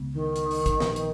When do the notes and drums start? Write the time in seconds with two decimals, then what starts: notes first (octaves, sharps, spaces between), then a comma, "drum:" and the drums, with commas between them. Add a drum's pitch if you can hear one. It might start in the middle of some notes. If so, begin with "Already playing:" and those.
Already playing: C#2 C#3 G#3 B3
0.12 D#3
0.36 drum: hi-hat
0.51 drum: open hi-hat
0.66 drum: kick, hi-hat
0.80 A#1 A#2 F3 B3, drum: snare
0.96 drum: hi-hat